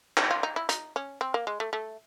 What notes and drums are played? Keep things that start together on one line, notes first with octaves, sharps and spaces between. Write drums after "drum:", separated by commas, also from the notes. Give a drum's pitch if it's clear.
C#4, drum: clap
F4
D#4
E4
D#4, drum: hi-hat
C#4
C4
A#3
G#3
A3
A3